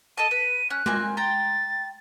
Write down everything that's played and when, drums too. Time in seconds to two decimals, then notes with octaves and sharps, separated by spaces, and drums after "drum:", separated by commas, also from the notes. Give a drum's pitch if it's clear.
0.17 A4 D#5 A5 D#7
0.31 B4
0.70 C#4 F#6
0.86 A#3 C4 G#5, drum: tom G#3
1.17 G5 A#5 C6 A6